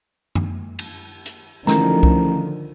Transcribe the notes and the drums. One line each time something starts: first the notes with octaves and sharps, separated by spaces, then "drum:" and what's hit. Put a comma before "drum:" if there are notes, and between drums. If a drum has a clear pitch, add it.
drum: tom F#2
drum: cymbal
drum: hi-hat
A1 D3 D#3 F3 A#5, drum: snare
drum: kick C2